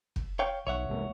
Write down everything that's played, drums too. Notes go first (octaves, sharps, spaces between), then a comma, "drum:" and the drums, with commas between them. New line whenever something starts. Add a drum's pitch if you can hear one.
drum: kick
C#5 F5 G5
B1 C#5 E5 F#5
C2 G#3 A#3